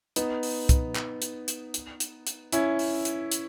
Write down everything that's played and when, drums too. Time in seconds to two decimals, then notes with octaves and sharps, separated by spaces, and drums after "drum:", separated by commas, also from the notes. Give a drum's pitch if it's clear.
0.16 B3 D#4, drum: hi-hat
0.43 drum: open hi-hat
0.69 drum: kick, hi-hat
0.95 drum: clap
1.22 drum: hi-hat
1.48 drum: hi-hat
1.74 drum: hi-hat
2.00 drum: hi-hat
2.27 drum: hi-hat
2.52 C#4 E4, drum: hi-hat
2.79 drum: open hi-hat
3.05 drum: hi-hat
3.31 drum: hi-hat